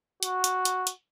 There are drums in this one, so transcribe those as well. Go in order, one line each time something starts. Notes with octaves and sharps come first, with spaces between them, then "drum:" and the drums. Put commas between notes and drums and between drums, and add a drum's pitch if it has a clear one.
F#4, drum: hi-hat
drum: hi-hat
drum: hi-hat
drum: hi-hat